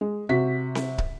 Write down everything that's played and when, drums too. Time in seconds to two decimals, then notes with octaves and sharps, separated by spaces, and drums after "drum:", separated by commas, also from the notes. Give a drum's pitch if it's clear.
0.01 G#3
0.29 C3 F#4 B6
0.75 drum: snare C4
0.98 drum: kick